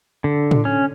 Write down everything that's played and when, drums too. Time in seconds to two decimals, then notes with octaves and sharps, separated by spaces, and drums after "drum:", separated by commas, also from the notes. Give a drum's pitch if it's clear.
0.24 D3
0.51 drum: tom A2
0.65 C#4